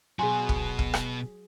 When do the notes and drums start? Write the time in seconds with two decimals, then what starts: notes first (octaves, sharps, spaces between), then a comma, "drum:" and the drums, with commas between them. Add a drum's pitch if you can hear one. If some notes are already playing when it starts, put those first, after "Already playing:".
0.19 B2 F#3 F#4 G#4 G#5 C6
0.49 drum: kick
0.79 drum: kick
0.94 drum: rim click